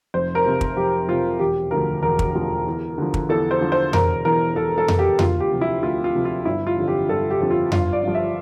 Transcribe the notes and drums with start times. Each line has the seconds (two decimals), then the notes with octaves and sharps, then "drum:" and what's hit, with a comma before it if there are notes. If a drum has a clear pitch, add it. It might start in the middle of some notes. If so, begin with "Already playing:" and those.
0.14 F1 C5
0.35 A#4
0.45 F2 C3 F3
0.61 drum: kick
0.77 F1 G4
1.08 F2 C3 F3 F4
1.39 E1 G4
1.71 D2 D3 F3 A#4
2.03 E1 A#4
2.19 drum: kick
2.35 D2 D3 F3
2.67 E2
2.98 D3 F3
3.14 drum: kick
3.29 E2 A4
3.51 C5
3.61 D3 F3
3.72 C5
3.93 E1 A#4, drum: tom F2
4.25 E2 E3 A#4
4.56 E1 A4
4.78 A4
4.88 E2 E3, drum: tom F2
4.99 G4
5.19 D2 F4, drum: tom F2
5.40 G4
5.51 C3 F3
5.61 E4
5.83 D2 F4
6.04 F4
6.14 C3 F3
6.25 F4
6.45 G1 E4
6.67 F4
6.77 F2 D3 F3
6.88 G4
7.08 G1 A4
7.31 G4
7.41 F2 D3 F3
7.51 F4
7.72 G1 F4, drum: tom F2
7.93 D5
8.03 G2 F3
8.15 E5